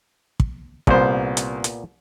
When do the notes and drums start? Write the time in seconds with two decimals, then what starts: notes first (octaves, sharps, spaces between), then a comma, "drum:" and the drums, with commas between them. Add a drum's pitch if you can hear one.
0.40 drum: kick
0.87 C2 A#2 B3 C5, drum: kick
1.37 drum: hi-hat
1.64 drum: hi-hat